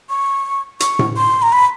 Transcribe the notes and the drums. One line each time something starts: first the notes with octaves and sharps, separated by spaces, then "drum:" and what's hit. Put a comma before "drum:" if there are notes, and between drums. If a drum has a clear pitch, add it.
C#6
C#6, drum: hi-hat
drum: tom A2
C6
A#5
B5